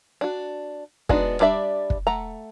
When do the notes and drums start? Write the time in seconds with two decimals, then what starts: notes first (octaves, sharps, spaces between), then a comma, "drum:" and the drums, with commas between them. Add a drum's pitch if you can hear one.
0.21 D4 F#4
1.09 G#3 B3 D4 D#4 F#4, drum: kick
1.40 G3 D4 D5 E5
1.90 drum: kick
2.07 A3 F#5 A#5